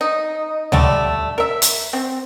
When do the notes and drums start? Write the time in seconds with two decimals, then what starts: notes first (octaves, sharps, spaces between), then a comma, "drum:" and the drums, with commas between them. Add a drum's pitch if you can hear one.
0.01 D#4
0.72 D3 G3 A3, drum: tom
1.38 A#4 E5
1.62 drum: hi-hat
1.93 C4